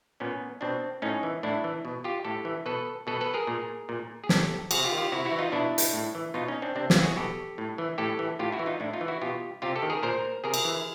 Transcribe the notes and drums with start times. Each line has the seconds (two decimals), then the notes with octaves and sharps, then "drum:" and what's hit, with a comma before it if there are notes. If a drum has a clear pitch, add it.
0.20 A#2 B3 C#4
0.61 B2 C4 D4
1.02 A2 C#4 D#4
1.23 E3
1.43 A2 D4 E4
1.64 E3
1.85 B2
2.04 F4 G4
2.25 A2 G4 A4
2.45 E3
2.66 B2 A4 B4
3.07 B2 A4 B4
3.21 A4 B4
3.34 G#4 A#4
3.47 A#2
3.89 A#2
4.24 G#4
4.29 A#2 G4 A4, drum: snare
4.71 C3 F#4 G#4, drum: cymbal
4.84 F4 G4
4.92 D#3
4.98 F4 G4
5.12 C3 E4 F#4
5.25 E4 F#4
5.32 E3
5.39 D#4 F4
5.52 B2 D4 E4
5.78 drum: hi-hat
5.93 A2
6.15 E3
6.34 B2 D#4 F4
6.48 C#4 D#4
6.62 C4 D4
6.75 C3 C4 D4
6.90 F4 G4, drum: snare
6.96 E3
7.03 F#4 G#4
7.16 B2 G4 A4
7.58 A2
7.78 E3
7.98 A2 G4 A4
8.19 E3
8.39 A2 F4 G4
8.52 E4 F#4
8.59 E3
8.66 D#4 F4
8.80 A2 D4 E4
8.93 D#4 F4
9.01 E3
9.08 E4 F#4
9.22 B2 F4 G4
9.62 C3 F4 G4
9.76 G4 A4
9.82 D#3
9.90 G#4 A#4
10.03 A#2 A#4 C5
10.44 C3 G#4 A#4
10.54 drum: cymbal
10.65 E3